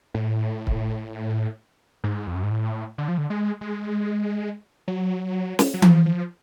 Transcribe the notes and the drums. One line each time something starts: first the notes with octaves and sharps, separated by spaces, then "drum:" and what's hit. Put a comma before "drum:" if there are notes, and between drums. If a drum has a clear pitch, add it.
A2
drum: kick C#1
G#2
F2
F#2
G#2
A2
D3
F3
D3
G#3
G#3
F#3
drum: snare
F#3
F3, drum: tom E3
F3